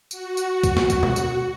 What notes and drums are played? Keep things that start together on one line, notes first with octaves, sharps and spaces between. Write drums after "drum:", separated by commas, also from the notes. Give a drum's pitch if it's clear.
F#4, drum: tambourine
drum: tambourine
drum: kick, tambourine
drum: snare
drum: kick, tambourine
drum: tom B2
drum: tambourine